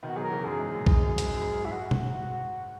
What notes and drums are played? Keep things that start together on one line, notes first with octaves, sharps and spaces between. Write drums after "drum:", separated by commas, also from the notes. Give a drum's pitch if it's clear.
B2 D#3
F#4
D#3 F#3 G#4
A#4
C#3 E3
F#2 G#4
G#2
F#2 A#2
F#2 G#4, drum: kick B1
G#2
F#2
G#2
F#2, drum: hi-hat
G#2
F#2
G#2
F#2
E4
G#2 F#4
drum: tom B2